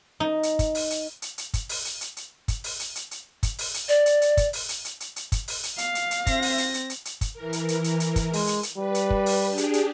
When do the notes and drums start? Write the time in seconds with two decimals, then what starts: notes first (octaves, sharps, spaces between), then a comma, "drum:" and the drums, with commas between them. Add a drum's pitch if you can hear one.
0.20 D#4
0.43 drum: hi-hat
0.59 drum: kick, hi-hat
0.75 drum: open hi-hat
0.90 drum: hi-hat
1.22 drum: hi-hat
1.38 drum: hi-hat
1.54 drum: kick, hi-hat
1.69 drum: open hi-hat
1.85 drum: hi-hat
2.01 drum: hi-hat
2.17 drum: hi-hat
2.48 drum: kick, hi-hat
2.64 drum: open hi-hat
2.80 drum: hi-hat
2.95 drum: hi-hat
3.11 drum: hi-hat
3.43 drum: kick, hi-hat
3.58 drum: open hi-hat
3.74 drum: hi-hat
3.89 D5, drum: hi-hat
4.06 drum: hi-hat
4.22 drum: hi-hat
4.37 drum: kick, hi-hat
4.53 drum: open hi-hat
4.69 drum: hi-hat
4.85 drum: hi-hat
5.00 drum: hi-hat
5.16 drum: hi-hat
5.32 drum: kick, hi-hat
5.48 drum: open hi-hat
5.63 drum: hi-hat
5.78 F5, drum: hi-hat
5.95 drum: hi-hat
6.11 drum: hi-hat
6.27 C4 A#6, drum: kick, hi-hat
6.42 drum: open hi-hat
6.58 drum: hi-hat
6.74 drum: hi-hat
6.90 drum: hi-hat
7.05 drum: hi-hat
7.21 drum: kick, hi-hat
7.33 E3 A#4
7.53 drum: hi-hat
7.68 drum: hi-hat
7.84 drum: hi-hat
8.00 drum: hi-hat
8.16 drum: kick, hi-hat
8.33 G#3, drum: open hi-hat
8.47 drum: hi-hat
8.63 drum: hi-hat
8.78 G3 B4
8.95 drum: hi-hat
9.10 drum: kick
9.26 drum: open hi-hat
9.47 D4 G4 G#4
9.58 drum: hi-hat
9.73 drum: hi-hat